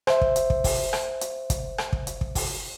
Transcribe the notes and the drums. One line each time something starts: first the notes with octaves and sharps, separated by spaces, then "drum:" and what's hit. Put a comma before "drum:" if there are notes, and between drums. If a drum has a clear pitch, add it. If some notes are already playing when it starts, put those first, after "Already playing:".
C5 E5, drum: rim click
drum: kick
drum: hi-hat
drum: kick
drum: kick, open hi-hat
drum: rim click
drum: hi-hat
drum: kick, hi-hat
drum: rim click
drum: kick
drum: hi-hat
drum: kick
drum: kick, open hi-hat